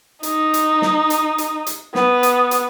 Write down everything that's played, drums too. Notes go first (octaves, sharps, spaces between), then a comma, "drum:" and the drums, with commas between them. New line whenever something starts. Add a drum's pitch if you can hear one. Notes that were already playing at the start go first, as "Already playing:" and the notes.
D#4, drum: hi-hat
drum: hi-hat
drum: snare
drum: hi-hat
drum: hi-hat
drum: hi-hat
B3, drum: snare
drum: hi-hat
drum: hi-hat